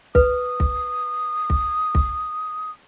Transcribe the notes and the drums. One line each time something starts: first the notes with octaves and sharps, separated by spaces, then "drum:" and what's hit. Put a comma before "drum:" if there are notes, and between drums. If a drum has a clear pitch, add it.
B4 D#6, drum: kick
drum: kick
drum: kick
drum: kick